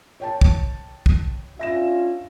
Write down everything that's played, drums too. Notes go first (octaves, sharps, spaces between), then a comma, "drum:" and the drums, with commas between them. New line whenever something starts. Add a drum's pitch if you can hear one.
C#5 G5 A5
drum: kick
drum: kick
C#4 D4 F4 E5 A#6 E7